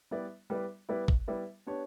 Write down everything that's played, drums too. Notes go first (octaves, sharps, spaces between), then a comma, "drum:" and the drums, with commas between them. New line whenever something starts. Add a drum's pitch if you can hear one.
G3 B3 E4 B4 D5
G3 B3 E4 B4 D5
G3 B3 E4 B4 D5
drum: kick
G3 B3 E4 B4 D5
B3 D4 G4 C#5